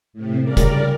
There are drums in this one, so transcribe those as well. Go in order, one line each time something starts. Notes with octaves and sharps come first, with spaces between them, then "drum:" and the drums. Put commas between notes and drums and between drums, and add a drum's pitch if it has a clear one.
A2 C3
C#3 G3 A#4 D5
drum: kick, hi-hat